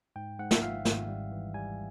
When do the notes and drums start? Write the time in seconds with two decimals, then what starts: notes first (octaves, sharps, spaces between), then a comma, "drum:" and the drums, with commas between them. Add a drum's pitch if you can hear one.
0.16 G#2 G5
0.39 G#2 F#5
0.51 E5, drum: snare
0.62 G#1 F5
0.85 G#1, drum: snare
1.08 G3
1.31 E3
1.54 G3 G#5